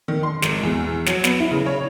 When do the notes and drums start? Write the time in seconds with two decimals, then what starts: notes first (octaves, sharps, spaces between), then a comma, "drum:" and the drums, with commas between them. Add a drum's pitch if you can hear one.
0.08 D#3
0.23 C6
0.42 G#1, drum: snare
0.63 E2
1.06 F#3, drum: snare
1.24 B3, drum: snare
1.40 E4
1.51 C#3
1.66 C#5